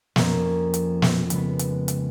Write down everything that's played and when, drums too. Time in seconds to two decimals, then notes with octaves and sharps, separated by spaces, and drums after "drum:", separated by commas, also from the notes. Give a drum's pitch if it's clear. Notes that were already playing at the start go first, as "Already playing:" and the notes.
0.16 F2 F3 A#3 C#4, drum: snare
0.74 drum: hi-hat
1.02 drum: snare
1.30 C#3 G#3 B3, drum: hi-hat
1.59 drum: hi-hat
1.88 drum: hi-hat